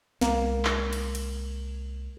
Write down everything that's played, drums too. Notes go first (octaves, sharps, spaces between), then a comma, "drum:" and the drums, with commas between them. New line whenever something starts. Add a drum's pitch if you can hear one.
C2 G#3 A#3, drum: snare
drum: clap
drum: cymbal
drum: cymbal